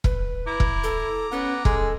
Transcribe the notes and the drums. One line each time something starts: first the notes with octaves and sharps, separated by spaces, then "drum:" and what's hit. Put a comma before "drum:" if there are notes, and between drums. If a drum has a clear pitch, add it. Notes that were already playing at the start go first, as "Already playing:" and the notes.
B4, drum: kick E1
E4 A#5 D6
drum: kick E1
A4
B3 C#4
G#3 A4, drum: kick E1